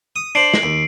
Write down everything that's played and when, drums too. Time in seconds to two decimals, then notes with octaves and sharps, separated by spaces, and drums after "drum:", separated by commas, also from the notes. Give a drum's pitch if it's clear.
0.16 D#6
0.35 D4 C5 C7 D7 F#7
0.54 drum: snare
0.63 D#2